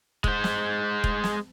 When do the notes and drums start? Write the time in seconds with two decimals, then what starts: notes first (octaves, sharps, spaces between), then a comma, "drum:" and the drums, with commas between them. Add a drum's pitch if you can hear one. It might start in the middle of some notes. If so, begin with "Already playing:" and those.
0.24 G#3 C5, drum: kick
0.44 drum: snare
1.04 drum: kick
1.24 drum: snare